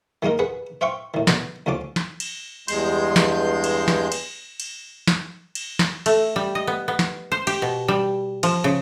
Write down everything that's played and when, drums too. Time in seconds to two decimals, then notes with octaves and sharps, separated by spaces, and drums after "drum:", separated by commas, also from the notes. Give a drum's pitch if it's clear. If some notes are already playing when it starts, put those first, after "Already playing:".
0.22 D#3 G#3 A#3 D#4 A#4
0.39 G#4 B4 F#5
0.81 C5 E5 F5 G5 C6 C#6
1.14 A2 D#3
1.27 B2 D3, drum: snare
1.66 D2 D3 F3 C#4 D6
1.96 drum: snare
2.20 drum: cymbal
2.68 E2 G2 G#3 C6 G6, drum: cymbal
3.16 drum: snare
3.64 drum: cymbal
3.88 drum: snare
4.12 drum: cymbal
4.60 drum: cymbal
5.07 drum: snare
5.55 drum: cymbal
5.79 drum: snare
6.06 A3, drum: cymbal
6.36 G3
6.55 D#5
6.67 B3
6.88 B3
6.99 drum: snare
7.32 C5
7.47 G4, drum: cymbal
7.62 B2
7.88 G3
8.43 F3, drum: cymbal
8.64 C#3